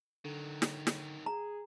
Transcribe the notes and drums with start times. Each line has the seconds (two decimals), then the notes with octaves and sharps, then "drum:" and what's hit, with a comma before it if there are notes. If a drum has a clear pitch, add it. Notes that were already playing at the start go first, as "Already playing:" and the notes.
0.25 D3 D#3 F#3
0.62 drum: snare
0.87 drum: snare
1.26 G#4 A#5